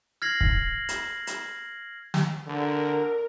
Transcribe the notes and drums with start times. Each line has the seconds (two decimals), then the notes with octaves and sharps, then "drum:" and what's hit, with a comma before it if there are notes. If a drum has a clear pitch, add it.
0.22 F6 G#6 A#6 C7 F#7
0.41 drum: kick
0.89 drum: hi-hat
1.27 drum: hi-hat
2.14 drum: snare
2.48 D3 A#4